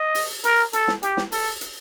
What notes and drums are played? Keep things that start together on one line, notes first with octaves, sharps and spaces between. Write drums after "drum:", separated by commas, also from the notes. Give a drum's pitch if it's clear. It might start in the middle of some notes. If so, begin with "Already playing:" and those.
Already playing: D#5
drum: open hi-hat
A#4, drum: hi-hat
A4, drum: hi-hat
drum: snare
G4, drum: hi-hat
drum: snare
A4, drum: open hi-hat
drum: hi-hat